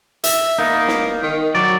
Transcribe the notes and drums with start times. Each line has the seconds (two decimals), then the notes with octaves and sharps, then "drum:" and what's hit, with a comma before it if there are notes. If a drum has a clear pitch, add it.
0.24 E5, drum: hi-hat
0.58 A#3 B3 D#4
0.88 drum: snare
1.23 D#3
1.55 F#3 D5